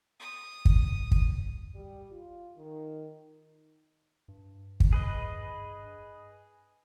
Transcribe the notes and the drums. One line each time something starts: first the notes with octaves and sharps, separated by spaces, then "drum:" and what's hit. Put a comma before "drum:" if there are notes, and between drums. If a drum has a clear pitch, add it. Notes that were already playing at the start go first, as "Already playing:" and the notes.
D#6
drum: kick
drum: kick
G3
F4
D#3
G2
drum: kick
G#4 B4 D#5